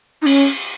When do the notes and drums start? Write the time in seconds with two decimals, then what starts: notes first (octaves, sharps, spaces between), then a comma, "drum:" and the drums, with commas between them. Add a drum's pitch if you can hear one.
0.22 D#4
0.26 C#4, drum: cymbal